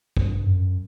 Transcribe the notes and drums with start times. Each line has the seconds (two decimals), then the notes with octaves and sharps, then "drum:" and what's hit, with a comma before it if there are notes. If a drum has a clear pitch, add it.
0.17 G2, drum: kick
0.46 F#2